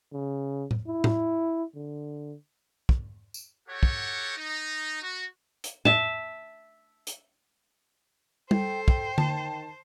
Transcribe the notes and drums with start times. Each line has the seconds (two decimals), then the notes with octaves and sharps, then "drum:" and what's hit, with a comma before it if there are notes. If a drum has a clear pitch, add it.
0.12 C#3
0.71 drum: tom A2
0.87 E4
1.04 drum: tom A2
1.75 D3
2.89 drum: kick
3.34 drum: tambourine
3.68 F#4 G4 A4 C#5 F#5
3.83 drum: kick
4.37 D#4
5.02 F#4
5.64 drum: hi-hat
5.85 E5 A5, drum: tom A2
7.07 drum: hi-hat
8.51 A4 C5 G5, drum: tom G3
8.88 G5, drum: kick
9.18 D#3 A5, drum: tom D3